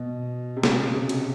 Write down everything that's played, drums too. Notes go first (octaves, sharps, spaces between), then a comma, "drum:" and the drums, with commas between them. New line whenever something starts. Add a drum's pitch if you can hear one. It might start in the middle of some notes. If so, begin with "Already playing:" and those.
Already playing: B2
C3
C#3, drum: snare
C3
drum: cymbal